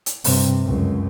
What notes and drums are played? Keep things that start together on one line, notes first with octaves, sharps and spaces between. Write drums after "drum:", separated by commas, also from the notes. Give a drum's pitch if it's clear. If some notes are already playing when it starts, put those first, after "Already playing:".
drum: hi-hat
G2 C3, drum: open hi-hat
C#2 F#2